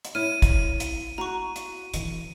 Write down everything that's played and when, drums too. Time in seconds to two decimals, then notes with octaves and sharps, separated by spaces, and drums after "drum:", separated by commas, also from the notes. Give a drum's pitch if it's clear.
0.05 drum: hi-hat
0.15 E4 C#5 F6 D#7
0.42 drum: kick, hi-hat
0.80 drum: hi-hat
1.18 F#4 F#5 A#5 C#6
1.56 drum: hi-hat
1.94 D3 E3, drum: hi-hat